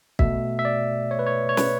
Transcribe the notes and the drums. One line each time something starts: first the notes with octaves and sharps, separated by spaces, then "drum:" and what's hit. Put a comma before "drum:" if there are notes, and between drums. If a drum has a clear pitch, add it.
B2 A3 E5, drum: kick B1
E5
D5
C#5
B4
C#5
C#5
B4, drum: snare